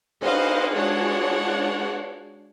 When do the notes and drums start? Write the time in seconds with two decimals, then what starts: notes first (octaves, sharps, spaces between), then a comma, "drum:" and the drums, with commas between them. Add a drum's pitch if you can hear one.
0.22 B4 C5 D#5 F5 F#5, drum: cymbal
0.73 G#3 D4 F4 F#4 C#5 F#5